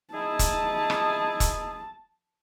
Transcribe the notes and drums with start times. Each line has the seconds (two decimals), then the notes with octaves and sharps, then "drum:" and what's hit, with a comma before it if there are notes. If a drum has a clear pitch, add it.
0.14 D#4 E4 G#4 A5
0.39 drum: kick E1, hi-hat
0.90 drum: rim click
1.40 drum: kick E1, hi-hat